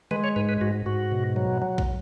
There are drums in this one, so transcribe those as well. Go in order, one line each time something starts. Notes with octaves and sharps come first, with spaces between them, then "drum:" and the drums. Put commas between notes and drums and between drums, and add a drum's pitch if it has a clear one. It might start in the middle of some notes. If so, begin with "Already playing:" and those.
G#3 B4, drum: tom D3
C#5
G#2 B4
B4
G#2 F#4
G#2 F#4
B2
F#3
F#3
drum: kick